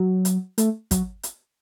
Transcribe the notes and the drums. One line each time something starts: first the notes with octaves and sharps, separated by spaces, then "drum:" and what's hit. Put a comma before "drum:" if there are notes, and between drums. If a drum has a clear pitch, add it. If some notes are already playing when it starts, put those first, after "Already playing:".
Already playing: F#3
drum: hi-hat
A3, drum: hi-hat
F#3, drum: kick, hi-hat
drum: hi-hat